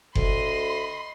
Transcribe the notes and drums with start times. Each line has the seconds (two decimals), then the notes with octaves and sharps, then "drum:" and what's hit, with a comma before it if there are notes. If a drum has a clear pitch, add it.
0.15 D2 D#5 B5 C6, drum: kick F#1